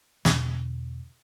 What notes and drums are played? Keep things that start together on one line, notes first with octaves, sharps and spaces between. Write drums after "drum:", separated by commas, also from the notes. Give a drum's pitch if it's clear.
E2 B2 D3 D4, drum: snare